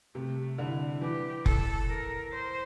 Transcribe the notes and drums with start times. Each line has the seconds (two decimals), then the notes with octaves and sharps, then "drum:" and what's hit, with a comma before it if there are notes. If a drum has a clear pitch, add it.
0.15 C3 A3
0.58 D3 E4
1.02 E3 G4
1.46 A4, drum: kick F1
1.89 A#4
2.32 C5